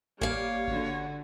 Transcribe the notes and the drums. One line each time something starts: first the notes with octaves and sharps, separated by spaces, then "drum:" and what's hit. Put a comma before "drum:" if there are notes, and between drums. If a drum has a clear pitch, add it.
G3 A#3 C#5 F5, drum: kick G#1
D3 F#4, drum: kick G#1